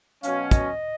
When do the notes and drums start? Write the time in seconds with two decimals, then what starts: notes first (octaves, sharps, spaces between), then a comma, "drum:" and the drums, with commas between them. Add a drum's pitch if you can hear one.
0.23 B2 F#3 C#4 F5, drum: hi-hat
0.51 D#5, drum: kick, hi-hat